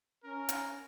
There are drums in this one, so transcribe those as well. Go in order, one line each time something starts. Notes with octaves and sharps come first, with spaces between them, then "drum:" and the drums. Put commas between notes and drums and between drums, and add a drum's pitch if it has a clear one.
C#4 A#4
drum: hi-hat